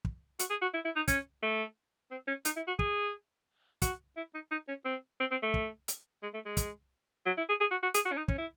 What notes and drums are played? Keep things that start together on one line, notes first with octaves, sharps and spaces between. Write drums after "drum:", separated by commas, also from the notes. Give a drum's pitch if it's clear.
drum: kick
F#4, drum: hi-hat
G#4
F#4
E4
E4
D#4
C#4, drum: kick, hi-hat
A3
C4
C#4
D#4, drum: hi-hat
E4
F#4
G#4, drum: kick
F#4, drum: kick, hi-hat
E4
D#4
D#4
C#4
C4
C4
C4
A3
drum: kick
drum: hi-hat
G#3
A3
G#3
drum: kick, hi-hat
F#3
E4
G#4
G#4
F#4
F#4
G#4, drum: hi-hat
F#4
C#4
D#4
C#4, drum: kick
E4